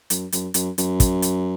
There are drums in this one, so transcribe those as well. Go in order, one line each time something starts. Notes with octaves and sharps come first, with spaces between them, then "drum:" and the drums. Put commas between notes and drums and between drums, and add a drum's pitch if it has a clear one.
F#2, drum: hi-hat
F#2, drum: hi-hat
F#2, drum: hi-hat
F#2, drum: hi-hat
drum: kick, hi-hat
drum: hi-hat